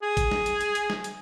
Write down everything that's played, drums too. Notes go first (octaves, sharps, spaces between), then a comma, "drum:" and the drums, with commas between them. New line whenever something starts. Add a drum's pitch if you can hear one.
G#4
drum: kick G#1, hi-hat
drum: snare
drum: hi-hat
drum: hi-hat
drum: hi-hat
drum: snare
drum: hi-hat